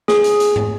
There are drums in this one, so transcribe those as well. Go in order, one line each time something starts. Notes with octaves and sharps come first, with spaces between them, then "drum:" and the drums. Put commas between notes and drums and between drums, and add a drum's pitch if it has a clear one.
G#4, drum: snare
drum: hi-hat
drum: hi-hat
drum: tom G#2